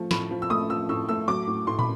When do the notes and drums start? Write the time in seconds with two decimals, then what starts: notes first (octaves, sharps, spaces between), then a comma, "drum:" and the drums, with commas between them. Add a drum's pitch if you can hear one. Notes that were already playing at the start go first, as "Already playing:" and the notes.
Already playing: F3 A3
0.11 A2 B5, drum: snare
0.31 F3
0.42 E6
0.50 A3 D#6
0.69 F3 E6
0.89 A2 E6
1.09 A3 E6
1.28 F#3 D6
1.47 A2
1.67 A2 C6
1.79 B5, drum: tom